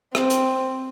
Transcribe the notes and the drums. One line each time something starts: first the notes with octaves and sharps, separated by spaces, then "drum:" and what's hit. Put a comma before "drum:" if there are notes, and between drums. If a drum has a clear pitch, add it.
C4, drum: rim click
drum: hi-hat